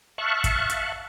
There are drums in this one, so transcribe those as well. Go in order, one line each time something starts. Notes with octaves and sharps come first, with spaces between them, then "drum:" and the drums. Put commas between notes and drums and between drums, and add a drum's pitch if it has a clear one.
E5 F5 A5 C#6 F#6
drum: kick, hi-hat
drum: hi-hat